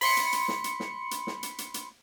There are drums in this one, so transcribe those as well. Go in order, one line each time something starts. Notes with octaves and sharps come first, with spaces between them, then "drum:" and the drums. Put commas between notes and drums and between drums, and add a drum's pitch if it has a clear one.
B5 C6 C#7, drum: open hi-hat
drum: hi-hat
drum: hi-hat
drum: snare
drum: hi-hat
drum: snare
drum: hi-hat
drum: snare
drum: hi-hat
drum: hi-hat
drum: hi-hat